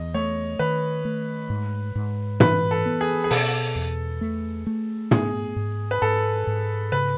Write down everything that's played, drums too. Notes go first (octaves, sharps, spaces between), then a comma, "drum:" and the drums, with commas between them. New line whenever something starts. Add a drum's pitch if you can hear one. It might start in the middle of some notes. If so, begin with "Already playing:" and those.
Already playing: E2 D#5
A3 C#5
D#3 B4
A3
G#2
G#2
E3 B4, drum: tom
A4
B3
G#4
G#4
B2 A4, drum: open hi-hat
E2
A3
A3
B3 G#4, drum: tom
G#2
B4
G#2 A4
G#2
C#3 B4